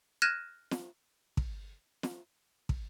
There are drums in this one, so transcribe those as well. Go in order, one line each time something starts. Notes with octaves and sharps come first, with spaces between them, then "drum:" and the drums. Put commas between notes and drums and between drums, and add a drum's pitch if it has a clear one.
F6 F#6 G#6 A#6 D#7 E7
drum: snare
drum: kick
drum: snare
drum: kick